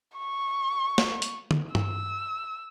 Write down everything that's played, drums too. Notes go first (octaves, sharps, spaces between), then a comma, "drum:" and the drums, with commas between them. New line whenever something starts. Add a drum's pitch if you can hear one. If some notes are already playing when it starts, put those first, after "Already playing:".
C#6
drum: snare
drum: hi-hat
drum: tom
E6, drum: tom G2